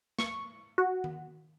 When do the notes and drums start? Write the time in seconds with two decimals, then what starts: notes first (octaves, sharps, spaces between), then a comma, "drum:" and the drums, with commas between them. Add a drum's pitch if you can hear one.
0.19 C#6, drum: snare
0.78 F#4
1.04 drum: tom D#3